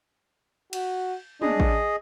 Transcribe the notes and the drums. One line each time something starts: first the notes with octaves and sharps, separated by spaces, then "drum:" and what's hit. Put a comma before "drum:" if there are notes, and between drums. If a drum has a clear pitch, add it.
F#4, drum: cymbal
D4 G#4 D#5, drum: tom
drum: kick A1